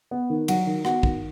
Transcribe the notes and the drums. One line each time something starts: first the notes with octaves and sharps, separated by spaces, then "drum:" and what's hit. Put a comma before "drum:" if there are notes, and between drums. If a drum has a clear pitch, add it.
B3
D#3
F#3 F#4, drum: cymbal
D#3
B3 F#4, drum: rim click
D#3, drum: kick